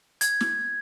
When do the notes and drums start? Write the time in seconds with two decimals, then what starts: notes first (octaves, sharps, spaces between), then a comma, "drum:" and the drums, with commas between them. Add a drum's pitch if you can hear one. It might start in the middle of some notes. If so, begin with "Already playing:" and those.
0.21 G#6, drum: hi-hat
0.41 drum: snare